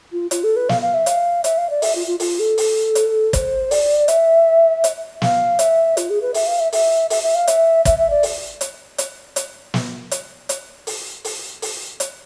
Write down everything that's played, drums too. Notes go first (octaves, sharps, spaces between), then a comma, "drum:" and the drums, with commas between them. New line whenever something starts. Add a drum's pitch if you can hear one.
F4
F4, drum: hi-hat
A4
B4
F5, drum: snare
F5
E5
F5, drum: hi-hat
E5, drum: hi-hat
F5
D5
E5, drum: open hi-hat
F4
F4
F4, drum: open hi-hat
A4
drum: open hi-hat
drum: hi-hat
C5, drum: kick, hi-hat
D5, drum: open hi-hat
E5, drum: hi-hat
drum: hi-hat
F5, drum: snare
E5, drum: hi-hat
F4, drum: hi-hat
G#4
B4
E5, drum: open hi-hat
F5
E5
E5, drum: open hi-hat
E5, drum: open hi-hat
E5
F5
E5, drum: hi-hat
E5, drum: kick, hi-hat
E5
D5
drum: open hi-hat
drum: hi-hat
drum: hi-hat
drum: hi-hat
drum: snare
drum: hi-hat
drum: hi-hat
drum: open hi-hat
drum: open hi-hat
drum: open hi-hat
drum: hi-hat